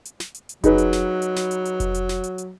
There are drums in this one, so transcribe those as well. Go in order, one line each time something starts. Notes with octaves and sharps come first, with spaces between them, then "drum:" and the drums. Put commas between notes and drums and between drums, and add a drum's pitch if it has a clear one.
drum: hi-hat
drum: snare
drum: hi-hat
drum: hi-hat
F#3 D#4 G#4 B4, drum: kick F1, hi-hat
drum: hi-hat
drum: snare
drum: hi-hat
drum: snare
drum: hi-hat
drum: hi-hat
drum: kick F1, hi-hat
drum: hi-hat
drum: snare
drum: hi-hat
drum: hi-hat